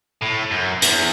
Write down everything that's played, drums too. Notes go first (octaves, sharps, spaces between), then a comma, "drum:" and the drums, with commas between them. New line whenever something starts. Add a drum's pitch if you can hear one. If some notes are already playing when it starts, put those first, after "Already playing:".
A2
F#2
E2, drum: hi-hat